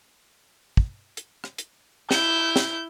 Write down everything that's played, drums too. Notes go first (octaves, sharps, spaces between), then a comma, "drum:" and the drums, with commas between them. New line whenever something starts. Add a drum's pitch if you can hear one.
drum: kick
drum: hi-hat
drum: rim click
drum: hi-hat
E4 G6, drum: snare
drum: snare